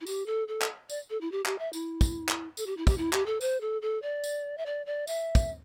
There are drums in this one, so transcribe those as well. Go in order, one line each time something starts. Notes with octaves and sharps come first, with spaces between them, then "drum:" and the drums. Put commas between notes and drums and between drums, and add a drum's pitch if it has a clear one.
E4
G4, drum: tambourine
A4
A4
drum: clap
D5, drum: tambourine
A4
E4
G4
G4, drum: clap
E5
E4, drum: tambourine
drum: kick, tambourine
drum: clap
A4, drum: tambourine
G4
E4
G4, drum: kick, tambourine
E4
G4, drum: clap
A4
C5, drum: tambourine
A4
A4
D5
drum: tambourine
E5
D5
D5
E5, drum: tambourine
drum: kick, tambourine